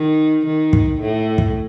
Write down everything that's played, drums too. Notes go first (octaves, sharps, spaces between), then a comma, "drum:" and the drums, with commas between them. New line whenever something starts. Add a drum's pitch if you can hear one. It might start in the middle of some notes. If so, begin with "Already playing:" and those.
Already playing: D#3
D#3
drum: kick
A2
drum: kick